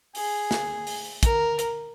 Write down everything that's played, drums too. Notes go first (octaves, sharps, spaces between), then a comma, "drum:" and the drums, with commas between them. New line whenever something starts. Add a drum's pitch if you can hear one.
G#4, drum: open hi-hat
drum: snare
drum: open hi-hat
A#4, drum: kick, hi-hat
drum: hi-hat